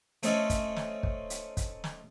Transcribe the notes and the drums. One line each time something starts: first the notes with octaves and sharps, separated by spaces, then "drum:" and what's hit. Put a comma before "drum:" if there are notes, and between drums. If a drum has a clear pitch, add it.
A3 C4 C#4 D#4 A4, drum: hi-hat
drum: kick, hi-hat
drum: snare
drum: kick
drum: hi-hat
drum: kick, hi-hat
drum: snare